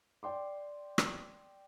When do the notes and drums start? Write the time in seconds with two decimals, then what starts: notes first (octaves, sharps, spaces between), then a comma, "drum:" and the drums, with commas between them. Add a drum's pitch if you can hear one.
0.23 D5 G5 C6 D6
0.98 drum: rim click